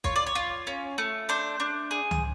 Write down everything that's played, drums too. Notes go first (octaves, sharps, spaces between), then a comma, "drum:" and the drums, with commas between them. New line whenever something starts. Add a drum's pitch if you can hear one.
F4 C#5, drum: kick
D5
C#5
F4
C#4
A3
D4 C5
D4
G#4
drum: tom C#2